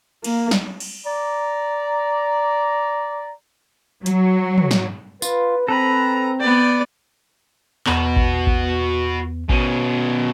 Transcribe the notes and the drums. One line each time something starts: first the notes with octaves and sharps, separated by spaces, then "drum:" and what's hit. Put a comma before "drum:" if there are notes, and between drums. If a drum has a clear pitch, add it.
A#3, drum: cymbal
drum: snare F#3
drum: cymbal
D5 A#5
F#3, drum: hi-hat
drum: tom
drum: snare F#3
F4 B4, drum: tambourine
C4 A4 B4 A#5 B5
B3 D5 G5
E2 B3 F#4 B4, drum: clap
drum: kick A1
drum: kick A1
B2 C#4, drum: kick A1